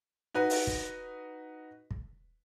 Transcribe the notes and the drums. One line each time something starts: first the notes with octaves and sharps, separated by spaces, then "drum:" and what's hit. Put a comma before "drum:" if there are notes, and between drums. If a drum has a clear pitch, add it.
D#4 F#4 B4
drum: open hi-hat
drum: kick
drum: kick